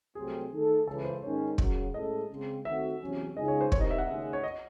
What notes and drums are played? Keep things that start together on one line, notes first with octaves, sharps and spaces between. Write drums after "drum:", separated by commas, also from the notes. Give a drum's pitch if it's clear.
C2 C3 F#3 A3 C4 G#4
D#3 A3 D#4 A4
C#2 C#3 E3 A4
C5
G#2 D#3 G#3 C#4 C#5
F#2 C#3 F#3, drum: kick
A2 G#3 C#4 E4 A4 D#5
C#3 G#3 C4
D#3 A3 C4 F#4 E5
E2 C3 F#3 C#4
C#2 C#3 G#3 D#4 G#4 D#5
C#5
C5
C2 C3 D#3 C#5, drum: kick
D#5
E5
F#5
D#2 C#3 G#3 E5
C#5
D#5